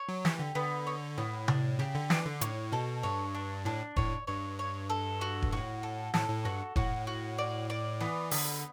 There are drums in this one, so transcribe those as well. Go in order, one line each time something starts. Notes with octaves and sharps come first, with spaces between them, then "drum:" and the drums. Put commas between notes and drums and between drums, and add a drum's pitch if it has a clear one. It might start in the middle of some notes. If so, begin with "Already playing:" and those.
Already playing: C#5
F#3
E3 G4, drum: snare
D3
D3 B3
C#5
A2 B3
D4, drum: tom C3
C#3 G4
D3
E3 D4, drum: snare
D3
A2 C#5, drum: hi-hat
B2 A4
G2 C#5
D4
A2 D4
A2 C#5, drum: kick E1
G2 C#5
C#5
A4
F#4
drum: kick E1
A2 F#4
A4
A2 A4, drum: snare
A2
G2 F#4
A2 F#4, drum: kick E1
F#4
D5
D5
E3 B3
D3 B3, drum: open hi-hat